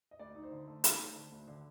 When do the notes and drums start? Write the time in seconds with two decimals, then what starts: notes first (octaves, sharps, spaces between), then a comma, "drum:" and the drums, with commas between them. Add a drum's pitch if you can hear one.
0.11 D#5
0.19 D2 D5
0.35 D#4
0.43 C5
0.51 D3
0.67 A3
0.84 D#4, drum: hi-hat
0.99 A3
1.15 D3
1.32 D2
1.48 D3